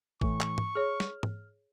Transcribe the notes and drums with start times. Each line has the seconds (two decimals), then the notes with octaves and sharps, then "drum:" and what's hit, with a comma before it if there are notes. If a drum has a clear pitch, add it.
0.21 A2 E3 C#6, drum: kick A1
0.41 drum: clap
0.58 drum: tom G#2
0.75 G#4 C#5 F6
1.00 drum: snare
1.23 drum: tom G#2